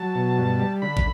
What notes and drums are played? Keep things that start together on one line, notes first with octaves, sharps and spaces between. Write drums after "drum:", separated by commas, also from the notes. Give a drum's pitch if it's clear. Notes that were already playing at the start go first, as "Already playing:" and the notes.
Already playing: F#3 A5
B2
G2
G3
D3 B5
drum: kick